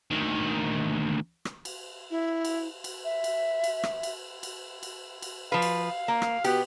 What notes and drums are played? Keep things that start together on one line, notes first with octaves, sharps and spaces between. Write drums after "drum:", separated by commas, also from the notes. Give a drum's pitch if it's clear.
D2 D#3
drum: rim click
drum: cymbal
E4
drum: cymbal
drum: cymbal
E5
drum: cymbal
drum: cymbal
drum: rim click
drum: cymbal
drum: cymbal
drum: cymbal
drum: cymbal
F3 B4 F5
drum: cymbal
A#3
drum: rim click
B2 B3 G4, drum: cymbal